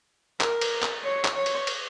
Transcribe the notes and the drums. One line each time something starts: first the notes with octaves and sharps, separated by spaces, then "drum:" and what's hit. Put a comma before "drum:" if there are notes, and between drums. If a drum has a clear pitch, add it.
A#4, drum: clap
drum: cymbal
drum: clap
C#5
drum: clap
C#5
drum: cymbal
drum: cymbal